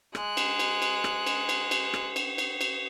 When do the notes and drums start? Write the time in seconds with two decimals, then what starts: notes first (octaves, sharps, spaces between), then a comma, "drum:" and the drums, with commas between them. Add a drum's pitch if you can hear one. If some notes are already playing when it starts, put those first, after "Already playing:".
0.15 G#3 F#6, drum: rim click
0.37 drum: cymbal
0.59 drum: cymbal
0.82 drum: cymbal
1.04 drum: rim click
1.27 drum: cymbal
1.49 drum: cymbal
1.71 drum: cymbal
1.94 drum: rim click
2.16 drum: cymbal
2.38 drum: cymbal
2.61 drum: cymbal